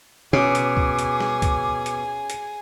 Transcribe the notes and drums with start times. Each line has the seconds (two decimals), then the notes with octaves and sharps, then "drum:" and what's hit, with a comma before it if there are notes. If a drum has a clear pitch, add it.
0.33 B2 C#4 G#4 D6
0.55 drum: hi-hat
0.77 drum: kick C#2
0.99 drum: hi-hat
1.20 drum: snare
1.42 drum: kick C#2, hi-hat
1.86 drum: hi-hat
2.30 drum: hi-hat